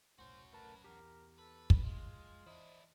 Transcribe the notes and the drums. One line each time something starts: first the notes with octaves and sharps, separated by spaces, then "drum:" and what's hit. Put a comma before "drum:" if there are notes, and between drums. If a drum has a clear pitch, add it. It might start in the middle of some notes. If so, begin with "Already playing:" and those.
E1 C2 A2 C#4 F#4 C5
A3 A#4 B4 A5
E2 G4 A#4
A4 B4
drum: kick
F#2 F3 G#3 F4
E3 D4 E4 C5 D#5